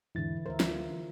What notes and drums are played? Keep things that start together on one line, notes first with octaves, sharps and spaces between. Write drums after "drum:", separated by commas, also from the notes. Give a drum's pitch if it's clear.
E2 G#2 D3 E3 E4 A6
D2 A#4 C5 E5
F4, drum: snare